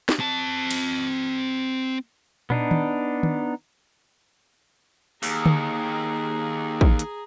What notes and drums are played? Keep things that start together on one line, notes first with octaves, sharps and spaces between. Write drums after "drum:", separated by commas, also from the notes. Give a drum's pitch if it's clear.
drum: snare
C4 A5
drum: cymbal
B3 D4 D#4, drum: tom
drum: tom D#3
drum: tom D#3
D#2 G#4 A#5, drum: open hi-hat
drum: tom D3
drum: kick
drum: hi-hat